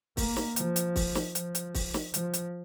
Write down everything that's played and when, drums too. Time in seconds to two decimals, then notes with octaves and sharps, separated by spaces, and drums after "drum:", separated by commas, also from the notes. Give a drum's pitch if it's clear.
0.17 A#3, drum: kick, open hi-hat
0.36 drum: snare
0.56 F3, drum: hi-hat
0.76 drum: hi-hat
0.96 drum: kick, open hi-hat
1.15 drum: snare
1.35 F3, drum: hi-hat
1.55 drum: hi-hat
1.74 drum: kick, open hi-hat
1.94 drum: snare
2.14 F3, drum: hi-hat
2.34 drum: hi-hat